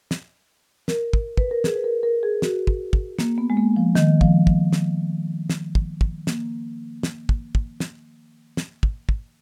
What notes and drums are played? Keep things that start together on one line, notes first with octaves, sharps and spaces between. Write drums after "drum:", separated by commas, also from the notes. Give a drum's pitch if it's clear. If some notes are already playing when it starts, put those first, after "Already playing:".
drum: snare
A#4, drum: snare
drum: kick
B4, drum: kick
A#4
G#4, drum: snare
B4
A#4
A#4
G#4
F#4, drum: snare
drum: kick
drum: kick
A#3, drum: snare
B3
G#3
A#3
F3
D#3, drum: snare
F3, drum: kick
drum: kick
drum: snare
drum: snare
drum: kick
drum: kick
A#3, drum: snare
drum: snare
drum: kick
drum: kick
drum: snare
drum: snare
drum: kick
drum: kick